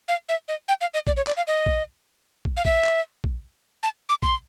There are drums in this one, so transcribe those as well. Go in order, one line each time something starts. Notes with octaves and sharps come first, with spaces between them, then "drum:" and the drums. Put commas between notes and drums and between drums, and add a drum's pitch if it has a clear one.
F5
E5
D#5
G5
F5
D#5
D5, drum: kick
C#5
D5, drum: clap
F5
D#5
drum: kick
drum: kick
F5
E5, drum: kick
drum: clap
drum: kick
A5
D6
C6, drum: kick